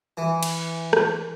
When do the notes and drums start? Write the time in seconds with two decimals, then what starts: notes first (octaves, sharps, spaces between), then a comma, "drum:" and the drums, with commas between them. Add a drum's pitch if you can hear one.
0.17 E3
0.43 drum: cymbal
0.93 drum: rim click